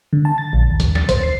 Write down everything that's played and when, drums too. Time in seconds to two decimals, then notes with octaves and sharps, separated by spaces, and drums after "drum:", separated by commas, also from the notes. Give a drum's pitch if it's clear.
0.13 D3
0.25 A5
0.38 A6
0.53 A#1
0.71 D#2
0.80 drum: kick, hi-hat
0.95 A6, drum: snare
1.09 C5, drum: kick, hi-hat
1.23 C7